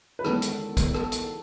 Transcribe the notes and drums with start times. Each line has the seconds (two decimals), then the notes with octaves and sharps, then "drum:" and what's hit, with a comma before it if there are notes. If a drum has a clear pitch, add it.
0.19 B4
0.24 E2 D#3 G#3 C#4 A4, drum: rim click
0.42 drum: hi-hat
0.77 drum: kick, hi-hat
0.94 A4, drum: rim click
1.12 drum: hi-hat